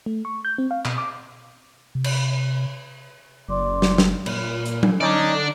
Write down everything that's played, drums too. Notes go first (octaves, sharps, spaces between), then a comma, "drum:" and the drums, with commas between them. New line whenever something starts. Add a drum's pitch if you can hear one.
A3
C#6
G6
C4
F5
B2, drum: clap
D6
C3
drum: cymbal
F#1 D5 C6 D6
drum: snare
drum: snare
A#2 F6, drum: cymbal
drum: hi-hat
drum: tom F#3
D3 C#4 D#4 D5 A5 D6